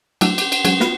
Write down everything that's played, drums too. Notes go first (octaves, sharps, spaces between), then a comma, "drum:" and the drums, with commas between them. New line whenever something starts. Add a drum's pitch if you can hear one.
F#3 G3 A3 D4 E4 F#4, drum: cymbal
G4 D6, drum: cymbal
drum: cymbal
F#3 G#3 C#4 F#4 G#4 F#5, drum: cymbal
B3 F4 F#4 A#4, drum: snare